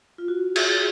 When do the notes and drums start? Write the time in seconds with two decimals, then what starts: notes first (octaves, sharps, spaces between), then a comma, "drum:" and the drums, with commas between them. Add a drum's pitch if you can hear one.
0.18 F4
0.28 F#4
0.56 G#4, drum: cymbal